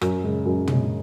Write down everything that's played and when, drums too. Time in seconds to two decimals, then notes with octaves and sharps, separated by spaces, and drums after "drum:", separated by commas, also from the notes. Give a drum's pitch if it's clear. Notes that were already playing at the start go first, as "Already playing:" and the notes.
0.01 F#2, drum: rim click
0.24 C#3 G#3
0.46 F#2
0.68 C#3 G#3, drum: tom